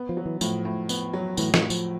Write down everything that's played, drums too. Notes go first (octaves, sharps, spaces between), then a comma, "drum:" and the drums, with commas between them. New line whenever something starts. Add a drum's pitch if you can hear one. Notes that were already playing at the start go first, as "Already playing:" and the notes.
Already playing: B3
F3
F#3
E3
A2 F3, drum: tambourine
A2
B3, drum: tambourine
F#3
A2 E3, drum: tambourine
E3, drum: snare
A2
F3, drum: tambourine